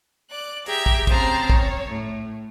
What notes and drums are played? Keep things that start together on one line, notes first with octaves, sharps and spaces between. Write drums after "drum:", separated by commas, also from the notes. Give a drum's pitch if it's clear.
D5 F#6
G4 G#4 E5 A#5, drum: open hi-hat
drum: kick
C#3 C4 C5 A5 A#5 F6, drum: kick, hi-hat
C#5, drum: kick
A2